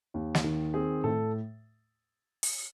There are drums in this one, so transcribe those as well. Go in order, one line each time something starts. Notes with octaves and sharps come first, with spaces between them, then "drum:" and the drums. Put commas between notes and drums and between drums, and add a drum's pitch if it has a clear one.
D#2
drum: snare
D#3
C4 G#4
A2 A4
drum: open hi-hat